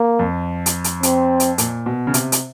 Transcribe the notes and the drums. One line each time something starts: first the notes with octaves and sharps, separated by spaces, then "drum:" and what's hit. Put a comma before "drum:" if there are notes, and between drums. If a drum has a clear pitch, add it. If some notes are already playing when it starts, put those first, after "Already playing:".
Already playing: A#3
F2
drum: hi-hat
drum: hi-hat
C4, drum: hi-hat
drum: hi-hat
A#2, drum: hi-hat
B2
C#3
C3, drum: hi-hat
drum: hi-hat